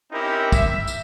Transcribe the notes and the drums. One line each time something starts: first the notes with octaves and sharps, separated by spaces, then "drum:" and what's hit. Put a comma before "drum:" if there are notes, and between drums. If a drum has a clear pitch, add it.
C4 C#4 D#4 E4 G4 A#4
E5, drum: kick, tambourine
drum: tambourine